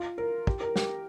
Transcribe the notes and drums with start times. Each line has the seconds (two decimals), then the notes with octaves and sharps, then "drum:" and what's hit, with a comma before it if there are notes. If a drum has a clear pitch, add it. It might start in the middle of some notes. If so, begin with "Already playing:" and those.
Already playing: F4
0.18 A#4
0.47 G4, drum: kick
0.61 A#4
0.76 G4, drum: snare